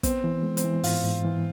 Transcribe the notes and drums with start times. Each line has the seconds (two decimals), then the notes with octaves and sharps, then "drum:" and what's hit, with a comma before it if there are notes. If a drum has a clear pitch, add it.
0.03 B3 C4, drum: kick, hi-hat
0.24 E3
0.43 G#3
0.57 C4, drum: hi-hat
0.64 E3
0.83 G#2 F4, drum: open hi-hat
1.04 G#2
1.25 E3